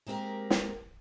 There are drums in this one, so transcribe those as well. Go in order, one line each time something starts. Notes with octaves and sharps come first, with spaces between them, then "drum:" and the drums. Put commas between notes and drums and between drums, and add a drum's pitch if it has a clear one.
G#3 A#3 C4 G4 A#4
drum: snare